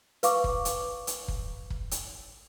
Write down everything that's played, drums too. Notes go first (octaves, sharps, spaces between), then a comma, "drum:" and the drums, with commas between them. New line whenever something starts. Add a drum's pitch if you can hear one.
B4 F5 C#6 D6, drum: hi-hat
drum: kick
drum: hi-hat
drum: hi-hat
drum: kick
drum: kick
drum: hi-hat